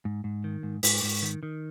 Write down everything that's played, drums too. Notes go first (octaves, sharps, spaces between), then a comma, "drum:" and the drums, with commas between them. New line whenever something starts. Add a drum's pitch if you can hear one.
G#2
G#2
D#3
G#2
G#2, drum: open hi-hat
G#2
D#3
D#3